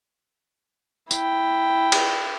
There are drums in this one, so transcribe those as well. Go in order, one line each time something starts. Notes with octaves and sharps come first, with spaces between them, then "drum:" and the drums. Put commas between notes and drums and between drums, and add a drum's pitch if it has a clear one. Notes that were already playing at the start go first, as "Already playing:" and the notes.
E4 G5, drum: tambourine
drum: cymbal